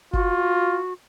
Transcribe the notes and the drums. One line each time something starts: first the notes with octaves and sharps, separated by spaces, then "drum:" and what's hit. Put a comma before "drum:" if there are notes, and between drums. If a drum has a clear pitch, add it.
F4 F#4, drum: kick F#1